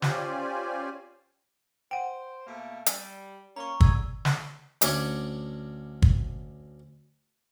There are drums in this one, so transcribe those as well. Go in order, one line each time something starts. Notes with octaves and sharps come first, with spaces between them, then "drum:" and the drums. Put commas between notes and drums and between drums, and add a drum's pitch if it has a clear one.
C#4 F4 G4 C5 D5 G#5, drum: snare
C5 F#5 G5 D7
B2 A3 A#3
G3, drum: hi-hat
A#3 C#4 A#5 C#6
D3 G#4 E6 G#6, drum: kick G1
drum: snare
D2 C#4 D4 C#5 D5, drum: hi-hat
drum: kick G1